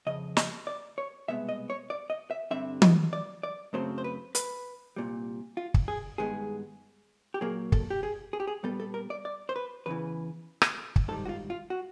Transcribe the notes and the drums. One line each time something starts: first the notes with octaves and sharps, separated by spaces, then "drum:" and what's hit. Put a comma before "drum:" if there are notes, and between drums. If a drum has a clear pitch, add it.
F2 C#3 D#5
D#5, drum: snare
D5
C#5
C2 B2 G#3 B3 E5
D#5
C#5
D5
D#5
E5
G2 D3 G3 C4 E5
D#5, drum: tom
D5
D5
F#2 C#3 F#3 A3 C4 C5
C5
B4
B4, drum: hi-hat
C2 A#2 G3
F4
drum: kick
G#4
G2 D#3 G#3 B3 G#4
G4
A#2 F#3 A#3 G#4
A4, drum: kick
G4
G#4
G#4
G4
G#4
A#2 G3 B3 A4
A4
A#4
D5
D5
C5
B4
E2 C#3 E3 B4
drum: rim click
drum: kick
G#2 D#3 G3 A4
F#4
F4
F4
F#4